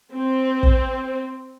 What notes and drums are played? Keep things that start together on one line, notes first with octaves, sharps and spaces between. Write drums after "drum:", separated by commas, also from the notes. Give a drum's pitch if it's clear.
C4
drum: kick